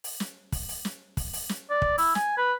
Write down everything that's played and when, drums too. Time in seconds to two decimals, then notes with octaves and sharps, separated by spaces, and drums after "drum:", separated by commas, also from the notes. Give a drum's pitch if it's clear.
0.04 drum: open hi-hat
0.20 drum: snare
0.52 drum: kick, open hi-hat
0.69 drum: open hi-hat
0.85 drum: snare
1.17 drum: kick, open hi-hat
1.33 drum: open hi-hat
1.49 drum: snare
1.70 D5
1.82 drum: kick
1.98 E4, drum: open hi-hat
2.15 G#5, drum: snare
2.37 B4